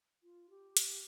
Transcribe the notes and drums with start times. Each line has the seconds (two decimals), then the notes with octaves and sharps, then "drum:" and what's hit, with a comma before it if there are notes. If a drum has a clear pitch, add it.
0.23 F4
0.50 G4
0.77 drum: hi-hat